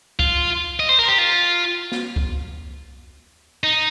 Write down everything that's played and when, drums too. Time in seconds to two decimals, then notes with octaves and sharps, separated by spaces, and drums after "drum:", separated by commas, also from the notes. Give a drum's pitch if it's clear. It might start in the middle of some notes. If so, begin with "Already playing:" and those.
0.19 F4, drum: kick C2
0.80 D#5
0.89 C5
0.99 A#4
1.08 G4
1.18 F4
1.92 drum: snare
2.16 drum: kick C2
3.64 D#4